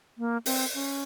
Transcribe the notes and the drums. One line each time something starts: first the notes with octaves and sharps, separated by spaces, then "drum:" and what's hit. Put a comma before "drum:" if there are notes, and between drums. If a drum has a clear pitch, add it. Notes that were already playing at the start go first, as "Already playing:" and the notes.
A#3
C4, drum: open hi-hat
C#4